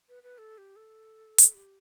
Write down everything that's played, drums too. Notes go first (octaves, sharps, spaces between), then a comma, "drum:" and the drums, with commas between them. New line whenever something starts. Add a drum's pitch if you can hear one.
B4
B4
A4
G4
A4
drum: hi-hat
G4